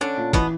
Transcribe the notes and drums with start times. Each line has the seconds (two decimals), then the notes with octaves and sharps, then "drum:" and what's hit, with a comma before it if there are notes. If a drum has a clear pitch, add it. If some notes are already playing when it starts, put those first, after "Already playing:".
0.01 D3 C#4 D4
0.17 A#2
0.33 B2 E3 B3, drum: kick, hi-hat